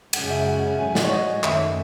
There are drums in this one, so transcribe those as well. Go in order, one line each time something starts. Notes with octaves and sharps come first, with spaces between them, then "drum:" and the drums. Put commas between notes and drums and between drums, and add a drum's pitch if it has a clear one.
F#2 C#3 G#3 C#4 F#5, drum: cymbal
E5
F#5
G#2 F#3 A3 G#5
F#5, drum: snare
C#5
D#5
F#2 D#3 A3 C#4 E5, drum: clap